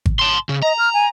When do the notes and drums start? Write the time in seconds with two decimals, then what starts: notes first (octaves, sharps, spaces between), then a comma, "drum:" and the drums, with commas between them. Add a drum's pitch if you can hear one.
0.06 drum: kick G#1
0.19 A5 C6
0.49 C#3
0.63 D#5 A#5
0.78 F6
0.94 G#5